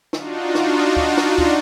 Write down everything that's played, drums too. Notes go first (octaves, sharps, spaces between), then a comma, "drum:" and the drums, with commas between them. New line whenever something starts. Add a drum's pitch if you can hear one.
D4 D#4 F4 F#4, drum: snare
drum: snare
drum: kick
drum: snare
drum: kick